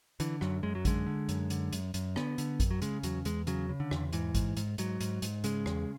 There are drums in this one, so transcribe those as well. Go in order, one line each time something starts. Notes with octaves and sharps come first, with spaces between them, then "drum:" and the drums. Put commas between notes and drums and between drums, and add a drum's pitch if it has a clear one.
D3 E3, drum: hi-hat
F#2 F#3, drum: rim click
F#2 G#3
F#3
D3 G#3, drum: kick A1, hi-hat
D3
F#2, drum: hi-hat
D3, drum: hi-hat
F#2, drum: hi-hat
F#2, drum: hi-hat
D3 B3, drum: rim click
D3, drum: hi-hat
F#2, drum: kick A1, hi-hat
F#3
C#3 G#3, drum: hi-hat
E2 F#3, drum: hi-hat
E2 G#3, drum: hi-hat
C#3 F#3, drum: hi-hat
C#3
D3
E2, drum: rim click
G#2 E3, drum: hi-hat
G#2, drum: kick A1, hi-hat
G#2, drum: hi-hat
G#2 F#3, drum: hi-hat
G#2, drum: hi-hat
G#2, drum: hi-hat
C#3 G#3, drum: hi-hat
E2, drum: rim click